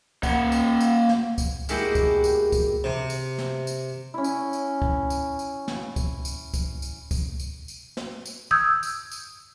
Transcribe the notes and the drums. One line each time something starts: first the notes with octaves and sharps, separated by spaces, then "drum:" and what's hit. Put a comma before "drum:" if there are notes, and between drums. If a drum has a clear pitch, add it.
A#3 F#5, drum: kick C#2, tambourine
drum: tambourine
drum: tambourine
drum: snare
drum: kick C#2, tambourine
G#3 A#3 B3 E4 F#4 G4, drum: tambourine
drum: kick C#2, tambourine
drum: tambourine
drum: kick C#2, tambourine
C3
drum: tambourine
drum: snare
drum: tambourine
C#4 E4
drum: tambourine
drum: tambourine
drum: kick C#2
drum: tambourine
drum: tambourine
drum: snare
drum: kick C#2, tambourine
drum: tambourine
drum: kick C#2, tambourine
drum: tambourine
drum: kick C#2, tambourine
drum: tambourine
drum: tambourine
drum: snare
drum: tambourine
D#6 E6 G6 G#6
drum: tambourine
drum: tambourine